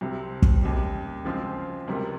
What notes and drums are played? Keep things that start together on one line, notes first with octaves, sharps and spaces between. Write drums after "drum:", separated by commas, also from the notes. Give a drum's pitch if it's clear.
C2 C3 G3 C4
drum: kick
D#2 C#3 G3
C#3 F3 G#3 C4 F4
C#2 C3 G3 A#3